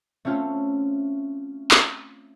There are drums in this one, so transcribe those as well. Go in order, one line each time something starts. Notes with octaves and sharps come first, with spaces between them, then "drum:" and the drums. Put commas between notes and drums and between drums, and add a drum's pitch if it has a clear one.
A3 C4 C#4 F4
drum: clap